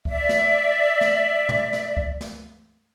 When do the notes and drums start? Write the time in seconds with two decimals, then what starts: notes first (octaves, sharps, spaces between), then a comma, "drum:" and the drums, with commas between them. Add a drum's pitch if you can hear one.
0.05 D5 E5, drum: kick C#2
0.29 drum: snare
1.01 drum: snare
1.49 drum: tom
1.73 drum: snare
1.97 drum: kick C#2
2.21 drum: snare